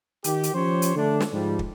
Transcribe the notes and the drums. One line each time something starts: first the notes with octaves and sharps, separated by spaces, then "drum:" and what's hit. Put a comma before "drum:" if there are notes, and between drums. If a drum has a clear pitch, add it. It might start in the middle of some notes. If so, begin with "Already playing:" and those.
D#3 G4, drum: hi-hat
drum: hi-hat
F3 C#4 G4 C5 C#5
drum: hi-hat
D3 A3 D4
drum: snare
G#2 F3 G3
drum: kick